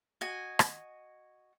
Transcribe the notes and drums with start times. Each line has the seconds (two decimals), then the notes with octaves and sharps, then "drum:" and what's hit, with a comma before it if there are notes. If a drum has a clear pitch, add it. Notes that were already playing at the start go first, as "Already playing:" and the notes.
0.21 F#4 D#5 G#5
0.59 drum: rim click